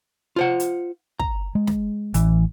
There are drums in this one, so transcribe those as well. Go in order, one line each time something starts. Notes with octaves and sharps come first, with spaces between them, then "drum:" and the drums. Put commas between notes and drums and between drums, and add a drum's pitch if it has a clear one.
F4 C5 F#5
drum: hi-hat
A#5, drum: kick
G#3
drum: snare
A1 E3, drum: hi-hat